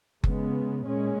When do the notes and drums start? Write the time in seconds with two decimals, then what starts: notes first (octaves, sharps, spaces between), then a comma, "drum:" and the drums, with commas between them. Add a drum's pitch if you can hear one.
0.24 C#3 G#3 B3, drum: kick F#1
0.86 A#2 G#3 C#4